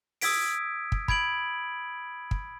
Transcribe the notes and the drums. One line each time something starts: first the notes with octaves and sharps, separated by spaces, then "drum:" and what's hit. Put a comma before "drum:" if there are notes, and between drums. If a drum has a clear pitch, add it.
D#6 E6 G#6 B6 D7, drum: open hi-hat
drum: kick
B5 G#6 D7 F#7, drum: kick
drum: kick